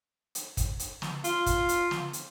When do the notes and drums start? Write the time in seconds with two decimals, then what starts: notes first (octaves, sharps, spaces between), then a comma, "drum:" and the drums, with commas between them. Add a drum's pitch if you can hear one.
0.35 drum: hi-hat
0.57 drum: kick, hi-hat
0.79 drum: hi-hat
1.02 drum: snare
1.24 F4, drum: hi-hat
1.46 drum: kick, hi-hat
1.69 drum: hi-hat
1.91 drum: snare
2.13 drum: hi-hat